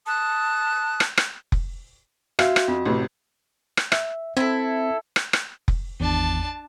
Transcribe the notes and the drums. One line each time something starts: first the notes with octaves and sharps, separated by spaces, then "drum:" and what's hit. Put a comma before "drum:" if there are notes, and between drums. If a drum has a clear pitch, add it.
A5 D#6 F#6
drum: rim click
drum: rim click
drum: kick F1
F#4 E5 F5, drum: rim click
drum: rim click
F2
A1 A2 C3
drum: rim click
E5, drum: rim click
C4 E4 A4
drum: rim click
drum: rim click
drum: kick F1
G#1 E2 D4 A5